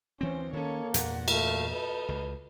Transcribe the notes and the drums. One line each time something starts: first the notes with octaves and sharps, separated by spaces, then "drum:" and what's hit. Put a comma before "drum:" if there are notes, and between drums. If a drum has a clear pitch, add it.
D2 E3 C4 C#4 C5
D#3 A#3 C#4 A4 C#5
E2 G2 A#2 F#5, drum: hi-hat
A3 A#4 F5, drum: cymbal
A4 B4 D#5
C#2